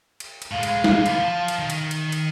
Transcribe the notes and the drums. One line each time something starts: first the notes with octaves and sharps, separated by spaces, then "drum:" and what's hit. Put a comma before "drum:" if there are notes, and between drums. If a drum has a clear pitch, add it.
drum: cymbal
drum: cymbal
A2 G#3 F5
drum: cymbal
drum: snare
D3 B3, drum: cymbal
F3 A5
drum: cymbal
D#3
drum: cymbal
drum: cymbal
drum: cymbal